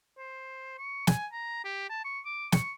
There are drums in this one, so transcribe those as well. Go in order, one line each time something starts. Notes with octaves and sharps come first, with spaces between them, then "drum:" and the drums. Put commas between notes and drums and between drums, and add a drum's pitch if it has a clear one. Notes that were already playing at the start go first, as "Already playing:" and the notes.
C5
C#6
G#5, drum: snare
A#5
G4
A5
C#6
D6
C#6, drum: snare